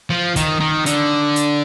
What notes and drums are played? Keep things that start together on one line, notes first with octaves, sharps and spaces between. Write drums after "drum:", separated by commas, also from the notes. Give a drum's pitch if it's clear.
F3
D#3, drum: kick, hi-hat
D#3
D3, drum: hi-hat
drum: hi-hat